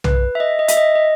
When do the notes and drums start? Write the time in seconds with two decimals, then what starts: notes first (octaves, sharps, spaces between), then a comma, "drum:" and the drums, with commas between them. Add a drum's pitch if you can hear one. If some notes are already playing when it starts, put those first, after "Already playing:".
0.04 B4, drum: tom B1
0.35 E5
0.40 D#5
0.59 D#5
0.68 E5, drum: hi-hat
0.77 D#5
0.95 D#5